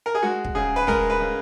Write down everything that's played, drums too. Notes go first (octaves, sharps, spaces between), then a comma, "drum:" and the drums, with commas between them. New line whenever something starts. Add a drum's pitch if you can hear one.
A#4
G#4
G#3 F#4
drum: kick
C#3 G#4
B4
G#3 A#4, drum: kick
B4
C#3